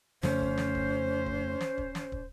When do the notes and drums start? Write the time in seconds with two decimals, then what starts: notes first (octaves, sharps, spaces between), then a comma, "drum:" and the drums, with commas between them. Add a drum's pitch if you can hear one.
0.23 F2 C#3 A3 C#4 C5, drum: snare
0.40 drum: kick
0.57 drum: snare
0.75 drum: kick
1.26 drum: kick
1.61 drum: snare
1.78 drum: kick
1.95 drum: snare
2.12 drum: kick